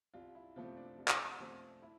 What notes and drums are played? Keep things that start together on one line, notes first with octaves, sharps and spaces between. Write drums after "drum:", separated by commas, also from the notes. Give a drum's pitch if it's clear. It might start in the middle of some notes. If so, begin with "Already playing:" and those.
C2 F4
E4
C3 F3 A3 C4 F4
D4
C2
drum: clap
C3 F3 A3 C4
E4